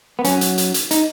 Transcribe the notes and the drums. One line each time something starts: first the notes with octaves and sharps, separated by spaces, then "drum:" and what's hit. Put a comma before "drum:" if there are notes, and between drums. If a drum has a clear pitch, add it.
B3
F#2 F#3 C#4, drum: hi-hat
drum: hi-hat
drum: hi-hat
drum: hi-hat
D#4, drum: hi-hat